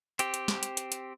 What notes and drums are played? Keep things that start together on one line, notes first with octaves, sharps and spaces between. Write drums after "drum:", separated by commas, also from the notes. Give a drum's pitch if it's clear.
C4 G4, drum: hi-hat
drum: hi-hat
drum: snare
drum: hi-hat
drum: hi-hat
drum: hi-hat